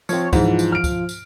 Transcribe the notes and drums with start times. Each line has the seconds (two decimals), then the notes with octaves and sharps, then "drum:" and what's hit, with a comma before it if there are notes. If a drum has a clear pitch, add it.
0.09 F3 C4 C#5, drum: tambourine
0.33 G#2 E3 F3, drum: kick C#2, tambourine
0.59 drum: tambourine
0.72 F6 D7
0.84 drum: kick C#2, tambourine
1.09 drum: tambourine